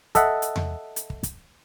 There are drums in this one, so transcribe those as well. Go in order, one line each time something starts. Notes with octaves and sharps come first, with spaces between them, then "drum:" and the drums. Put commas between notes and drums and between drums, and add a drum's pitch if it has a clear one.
A4 D#5 E5 F#5, drum: kick, hi-hat
drum: hi-hat
drum: tom E2
drum: hi-hat
drum: kick
drum: kick, hi-hat